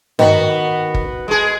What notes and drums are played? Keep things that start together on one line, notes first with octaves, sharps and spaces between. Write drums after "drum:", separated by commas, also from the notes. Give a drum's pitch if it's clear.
D#3 B3 F#4, drum: tom G2
drum: kick
G#3 G#4